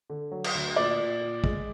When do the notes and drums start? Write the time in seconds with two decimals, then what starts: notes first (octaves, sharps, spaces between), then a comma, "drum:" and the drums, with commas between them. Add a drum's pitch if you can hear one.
0.10 D3
0.31 F#3
0.44 drum: cymbal
0.55 D2
0.76 A#2 D5
1.00 A#2
1.21 A#2
1.44 G#3, drum: kick